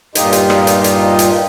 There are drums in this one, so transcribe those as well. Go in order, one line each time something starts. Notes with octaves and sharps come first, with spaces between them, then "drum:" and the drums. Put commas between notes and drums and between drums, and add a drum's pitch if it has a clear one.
G2 A#2 D#4 F4 G4 D#5, drum: hi-hat
drum: hi-hat
drum: rim click
drum: hi-hat
drum: hi-hat
drum: hi-hat